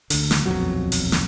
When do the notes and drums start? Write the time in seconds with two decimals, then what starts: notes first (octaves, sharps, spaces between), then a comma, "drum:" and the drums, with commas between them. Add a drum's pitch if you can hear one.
0.10 D2 D3, drum: open hi-hat
0.31 drum: snare
0.46 D#1 B1 F2 F#3
0.92 drum: open hi-hat
1.12 drum: snare